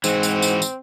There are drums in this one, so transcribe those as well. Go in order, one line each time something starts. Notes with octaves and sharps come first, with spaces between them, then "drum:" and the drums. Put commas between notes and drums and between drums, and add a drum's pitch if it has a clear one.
G#2 E3 C4 F#4, drum: tambourine
drum: tambourine
drum: tambourine
drum: tambourine